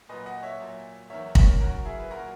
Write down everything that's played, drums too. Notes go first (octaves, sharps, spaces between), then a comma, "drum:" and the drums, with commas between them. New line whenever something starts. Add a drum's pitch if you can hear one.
A#2 F#3 B4 D#5
D#5 F#5
C#5 E5
A#2 F#3
E2 D#3 F#3 C#5 E5
A#4 C#5, drum: kick
F#2 D#3 F#3 F#4 A#4
E4 G#4
B4
A#2 F#3 F#4 A#4